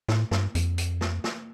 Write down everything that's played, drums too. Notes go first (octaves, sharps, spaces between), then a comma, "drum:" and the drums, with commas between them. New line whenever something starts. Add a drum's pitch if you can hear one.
A2, drum: snare
G2, drum: snare
F2, drum: hi-hat
drum: hi-hat
drum: snare
drum: snare